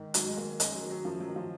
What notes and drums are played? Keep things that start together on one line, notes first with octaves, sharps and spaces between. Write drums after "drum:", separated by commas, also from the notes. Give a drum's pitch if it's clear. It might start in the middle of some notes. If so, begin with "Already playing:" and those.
Already playing: G#2 D#3
G#2 F#3, drum: hi-hat
G#3
D#3 A#3
F#2 G#3, drum: hi-hat
F#3
D#3
F#3
F#2 F3
F#3
D#3
F3